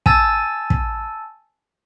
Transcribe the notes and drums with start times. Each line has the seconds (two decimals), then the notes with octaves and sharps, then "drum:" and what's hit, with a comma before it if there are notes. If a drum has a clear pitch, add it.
0.06 G#5 A5 E6 A6, drum: kick
0.70 drum: kick